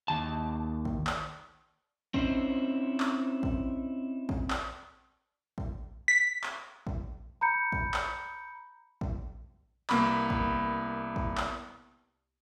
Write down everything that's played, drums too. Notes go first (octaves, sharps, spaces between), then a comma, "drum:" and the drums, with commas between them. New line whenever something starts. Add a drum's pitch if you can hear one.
D#2 A5
drum: kick
drum: clap
C4 C#4 D#4 E4 C5, drum: kick
drum: clap
drum: kick
drum: kick
drum: clap
drum: kick
B6
drum: clap
drum: kick
A#5 B5 G6 C#7
drum: kick
drum: clap
drum: kick
C2 A#3 B3 B5, drum: clap
drum: kick
drum: kick
drum: clap